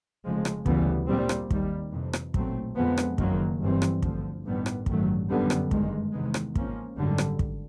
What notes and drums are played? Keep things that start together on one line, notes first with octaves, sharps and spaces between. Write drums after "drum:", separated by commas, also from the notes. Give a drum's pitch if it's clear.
F1 F2 C#3 F3 G#3
drum: rim click
D2 C#3 E3 G3 B3, drum: kick
A#1 A#2 G3 C4
drum: rim click
D#2 D#3 G3, drum: kick
F2 C3 E3
drum: rim click
B1 A#2 F#3 A3 C4, drum: kick
F2 D3 F3 G#3 B3
drum: rim click
F#1 F#2 D#3 F#3 A#3, drum: kick
G1 G2 E3 G3 C4
drum: rim click
D2 D3 F3, drum: kick
A1 G2 D#3 G3 B3
drum: rim click
A1 G2 D#3 F#3 A3, drum: kick
F#2 D3 G3 B3
drum: rim click
G2 D#3 G#3, drum: kick
E2 C3 D#3 G#3 B3
drum: rim click
G#2 F3 A#3 C#4, drum: kick
G#1 F#2 D3 G3
drum: rim click
drum: kick